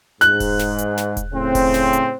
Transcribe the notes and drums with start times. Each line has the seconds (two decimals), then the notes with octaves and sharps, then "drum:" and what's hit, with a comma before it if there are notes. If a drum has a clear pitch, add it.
0.21 G#2 F#6, drum: snare
0.40 drum: kick E1, open hi-hat
0.59 drum: snare
0.78 drum: hi-hat
0.98 drum: snare
1.17 drum: kick E1, hi-hat
1.33 A2 C#3 C4
1.55 drum: kick E1, open hi-hat
1.74 drum: snare
1.93 drum: hi-hat